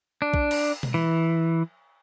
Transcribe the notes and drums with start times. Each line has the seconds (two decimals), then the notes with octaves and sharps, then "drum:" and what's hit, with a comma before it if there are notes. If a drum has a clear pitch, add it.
0.22 D4
0.34 drum: kick
0.51 drum: cymbal
0.83 drum: tom B2
0.94 E3